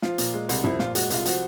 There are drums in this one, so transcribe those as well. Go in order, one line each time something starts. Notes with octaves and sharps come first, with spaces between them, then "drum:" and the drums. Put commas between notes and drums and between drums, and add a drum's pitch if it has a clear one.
F3 F4, drum: snare
A#2, drum: hi-hat
G#3
C2, drum: hi-hat
F3 E4, drum: tom
A#2 F4, drum: snare
G#3 F#4, drum: hi-hat
C2 F4, drum: hi-hat
F3 F#4, drum: hi-hat